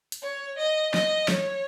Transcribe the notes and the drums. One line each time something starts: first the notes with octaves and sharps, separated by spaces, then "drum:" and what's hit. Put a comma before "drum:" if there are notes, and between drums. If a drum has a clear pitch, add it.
drum: hi-hat
C#5
D#5
D#5, drum: snare
C#5, drum: snare